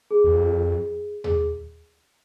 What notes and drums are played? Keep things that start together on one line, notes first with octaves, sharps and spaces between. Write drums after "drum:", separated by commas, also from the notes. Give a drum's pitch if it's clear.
G#4
E2
F2
G#4, drum: tom D#2